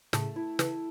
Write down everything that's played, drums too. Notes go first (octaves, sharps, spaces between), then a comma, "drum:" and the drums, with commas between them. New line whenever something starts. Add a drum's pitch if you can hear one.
A2 C#3 A3, drum: snare
E4
C#3 E3 A3, drum: snare